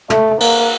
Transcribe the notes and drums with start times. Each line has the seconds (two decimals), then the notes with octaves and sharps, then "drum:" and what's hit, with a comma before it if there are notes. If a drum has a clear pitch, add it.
0.10 A3, drum: tom
0.40 A#3, drum: cymbal